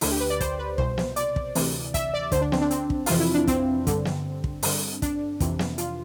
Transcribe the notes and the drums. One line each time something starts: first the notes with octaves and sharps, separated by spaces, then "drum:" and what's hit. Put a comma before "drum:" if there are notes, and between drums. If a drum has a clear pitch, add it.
D2 D3 E4, drum: open hi-hat
G4
B4
D5
C5, drum: kick, hi-hat
B4
C2 B2 C5, drum: kick
drum: snare
D5, drum: hi-hat
drum: kick
D2 C3 E3, drum: open hi-hat
E5, drum: kick, hi-hat
D5
D2 D3 C5, drum: kick, hi-hat
D4
C4, drum: snare
D4
C4, drum: hi-hat
drum: kick
F2 C3 E3 F4, drum: open hi-hat
E4
D4
C4, drum: kick, hi-hat
G2 D3, drum: kick, hi-hat
drum: snare
drum: kick
G2 D3, drum: open hi-hat
D4, drum: kick, hi-hat
F2 C3 E3, drum: kick, hi-hat
drum: snare
F4, drum: hi-hat